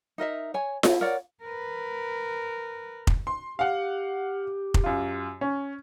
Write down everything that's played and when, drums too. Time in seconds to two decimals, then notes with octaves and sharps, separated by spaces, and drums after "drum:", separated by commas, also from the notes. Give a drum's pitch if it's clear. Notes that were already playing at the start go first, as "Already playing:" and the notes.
0.18 D#4 A#4 D#5 E5
0.54 C#5 G#5
0.83 E4, drum: snare F4
1.01 A#4 C#5 D5 F#5
1.43 A#4 B4
3.07 drum: kick F1
3.27 C6
3.59 G4 F5 F#5
4.74 drum: kick F1
4.84 F#2 F4
5.41 C#4